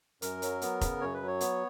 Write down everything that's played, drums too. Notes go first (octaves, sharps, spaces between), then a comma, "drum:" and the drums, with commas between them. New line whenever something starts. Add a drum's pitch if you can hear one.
F#2 A#4, drum: hi-hat
F#3, drum: hi-hat
B3, drum: hi-hat
C#3, drum: kick F1, hi-hat
F#2 C#5
B4
F#3
C#5
B3, drum: hi-hat